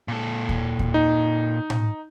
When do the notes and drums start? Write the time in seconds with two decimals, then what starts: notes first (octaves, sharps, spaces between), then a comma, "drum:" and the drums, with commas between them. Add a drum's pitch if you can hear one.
0.08 A#2 A4
0.49 drum: kick D#2
0.79 drum: kick D#2
0.94 D#4
1.70 drum: tom A2